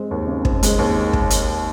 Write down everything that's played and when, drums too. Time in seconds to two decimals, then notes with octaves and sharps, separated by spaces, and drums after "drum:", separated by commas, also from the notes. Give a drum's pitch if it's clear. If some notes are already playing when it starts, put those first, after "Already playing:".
Already playing: G#3 C4
0.11 D#2
0.27 C#3
0.45 C4, drum: kick
0.63 G#3, drum: hi-hat
0.79 D#2
1.13 drum: kick
1.30 drum: hi-hat